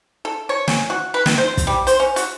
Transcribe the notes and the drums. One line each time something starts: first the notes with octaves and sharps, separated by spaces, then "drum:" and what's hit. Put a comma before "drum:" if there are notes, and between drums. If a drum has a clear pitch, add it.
A4
C#5
C#4, drum: snare
F#4
B4
D#3, drum: snare
C5
drum: kick, hi-hat
G3
C5, drum: hi-hat
C#4
F#4, drum: hi-hat